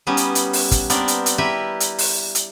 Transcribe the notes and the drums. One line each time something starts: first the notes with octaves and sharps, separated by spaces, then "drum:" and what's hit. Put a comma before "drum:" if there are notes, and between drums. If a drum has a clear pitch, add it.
G3 B3 C#4 D#4
drum: hi-hat
drum: hi-hat
drum: open hi-hat
drum: kick, hi-hat
B3 C4 D4 A#4 D5, drum: hi-hat
drum: hi-hat
drum: hi-hat
E4 G4 A#4 B4 E5 B5
drum: hi-hat
drum: open hi-hat
drum: hi-hat